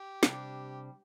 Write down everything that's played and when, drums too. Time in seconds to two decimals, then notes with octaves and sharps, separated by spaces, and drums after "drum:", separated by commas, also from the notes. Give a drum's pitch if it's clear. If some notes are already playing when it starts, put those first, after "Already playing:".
Already playing: G4
0.23 C3 G3 D4, drum: snare